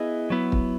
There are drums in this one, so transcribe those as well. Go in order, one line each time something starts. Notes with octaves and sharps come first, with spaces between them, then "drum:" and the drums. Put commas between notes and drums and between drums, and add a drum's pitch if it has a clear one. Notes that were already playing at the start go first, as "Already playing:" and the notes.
Already playing: B3 E4 G#4 D#5
F#3 B3 E4
drum: kick